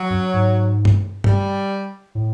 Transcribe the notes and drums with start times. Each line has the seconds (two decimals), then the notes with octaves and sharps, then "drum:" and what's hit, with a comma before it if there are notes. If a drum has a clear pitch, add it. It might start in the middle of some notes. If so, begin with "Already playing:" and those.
Already playing: F#3
0.10 F#2
0.34 G#2
0.85 drum: tom
1.24 G3, drum: tom
2.15 A2